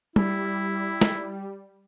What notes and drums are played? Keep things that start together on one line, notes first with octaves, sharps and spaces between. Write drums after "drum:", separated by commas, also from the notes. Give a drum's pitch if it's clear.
G3 E4, drum: tom
drum: snare